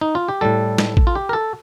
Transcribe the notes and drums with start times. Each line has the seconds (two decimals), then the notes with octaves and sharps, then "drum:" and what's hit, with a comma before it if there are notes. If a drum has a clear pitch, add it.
0.01 D#4
0.15 F4
0.28 G4
0.41 A2 G3 A4
0.78 drum: snare
0.97 drum: kick
1.07 F4
1.15 G4
1.29 A#4
1.33 A4